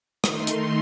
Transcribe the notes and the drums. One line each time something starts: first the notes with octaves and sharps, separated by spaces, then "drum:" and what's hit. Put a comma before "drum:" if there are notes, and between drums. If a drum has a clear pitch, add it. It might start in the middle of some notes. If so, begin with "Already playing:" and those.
D#3 A3 D#4 C6, drum: rim click
drum: hi-hat